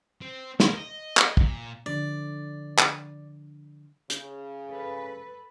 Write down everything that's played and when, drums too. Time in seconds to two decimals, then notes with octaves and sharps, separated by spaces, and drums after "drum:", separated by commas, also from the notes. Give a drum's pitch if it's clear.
0.21 C4
0.60 A#4 C5, drum: snare
0.76 D#5
1.17 drum: clap
1.37 A#2, drum: kick
1.86 D3 F3 D4 D5
2.79 drum: clap
4.10 C#3, drum: hi-hat
4.68 A4 B4